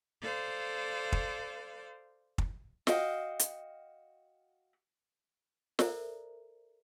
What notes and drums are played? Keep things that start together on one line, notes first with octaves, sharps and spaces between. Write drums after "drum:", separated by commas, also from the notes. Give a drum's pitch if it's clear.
A4 C5 D5 F5
drum: kick
drum: kick
F#4 D#5 F5 G5, drum: snare
drum: hi-hat
A4 A#4 C5 D5 E5 A#5, drum: snare